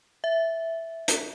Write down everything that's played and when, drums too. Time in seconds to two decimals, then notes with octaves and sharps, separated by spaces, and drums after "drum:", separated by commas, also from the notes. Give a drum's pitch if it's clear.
0.24 E5
1.08 drum: hi-hat